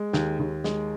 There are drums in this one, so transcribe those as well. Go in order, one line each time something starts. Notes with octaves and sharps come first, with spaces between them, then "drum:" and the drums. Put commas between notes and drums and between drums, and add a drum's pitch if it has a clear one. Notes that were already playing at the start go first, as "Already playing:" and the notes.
Already playing: G#3
D#2, drum: snare
D#2
G#3, drum: snare